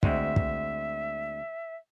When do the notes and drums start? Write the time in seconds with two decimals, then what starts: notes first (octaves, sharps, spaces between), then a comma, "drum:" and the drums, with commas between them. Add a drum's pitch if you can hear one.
0.03 D2 G#3 C4 E5, drum: kick
0.36 drum: kick